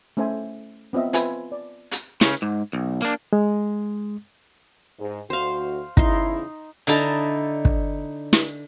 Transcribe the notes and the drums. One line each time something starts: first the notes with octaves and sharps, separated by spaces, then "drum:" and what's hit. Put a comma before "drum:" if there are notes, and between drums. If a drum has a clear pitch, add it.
A3 C#4 A4 C5 E5 G#5
B3 C4 F4 D#5 E5
C4 F4 B4 E5 G#5, drum: hi-hat
D5
drum: hi-hat
C#3 C#4, drum: snare
G#2
B1
A#3 D4
G#3
G#2
D2 F#4 C5 F5
E2 C#3 D#4 E4 C6, drum: kick
D3 D#4 E4 A5 A#5, drum: hi-hat
drum: kick
drum: snare